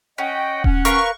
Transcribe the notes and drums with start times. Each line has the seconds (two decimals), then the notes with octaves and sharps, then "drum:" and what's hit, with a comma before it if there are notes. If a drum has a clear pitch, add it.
0.18 C#4 D#5 F#5 G5
0.64 C#4 F#5, drum: kick D#1
0.85 A#4 B4 F5 C#6, drum: hi-hat